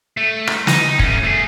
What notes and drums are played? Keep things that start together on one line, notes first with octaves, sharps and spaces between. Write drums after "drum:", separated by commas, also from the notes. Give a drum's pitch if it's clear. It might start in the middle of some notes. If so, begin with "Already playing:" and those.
A3
drum: rim click
D#4, drum: snare
A3 C#4, drum: kick
A3 G#4